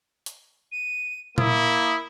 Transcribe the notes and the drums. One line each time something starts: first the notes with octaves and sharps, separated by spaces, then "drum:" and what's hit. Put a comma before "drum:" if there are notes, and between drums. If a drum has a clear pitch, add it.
drum: hi-hat
D#7
A#3 E4 D#6, drum: tom A#2